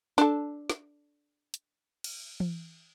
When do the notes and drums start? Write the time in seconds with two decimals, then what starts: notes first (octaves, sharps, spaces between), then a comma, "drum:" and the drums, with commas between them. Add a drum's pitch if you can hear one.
0.18 D4 A4, drum: snare
0.70 drum: snare
1.54 drum: hi-hat
2.04 drum: cymbal
2.40 drum: tom E3